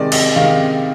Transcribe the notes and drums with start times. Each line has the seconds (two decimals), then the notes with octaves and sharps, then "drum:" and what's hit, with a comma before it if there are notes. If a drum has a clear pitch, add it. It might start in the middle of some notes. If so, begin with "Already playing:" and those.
Already playing: C3 D#3 G#3 D5
0.12 D#5, drum: cymbal
0.36 C3 D#3 G#3 F5